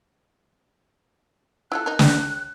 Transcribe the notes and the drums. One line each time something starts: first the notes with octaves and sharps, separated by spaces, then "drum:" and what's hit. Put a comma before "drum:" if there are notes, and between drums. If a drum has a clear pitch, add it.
E4 F4 A4 F#6
D#4 A#4
drum: snare